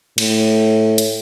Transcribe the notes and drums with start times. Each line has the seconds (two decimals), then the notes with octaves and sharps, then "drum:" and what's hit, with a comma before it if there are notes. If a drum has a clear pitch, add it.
0.18 A2, drum: cymbal
0.98 drum: hi-hat